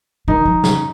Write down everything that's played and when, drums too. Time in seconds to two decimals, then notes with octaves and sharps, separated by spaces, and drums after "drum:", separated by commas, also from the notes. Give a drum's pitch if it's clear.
0.28 D#3 D#4
0.45 F3
0.64 C#3, drum: snare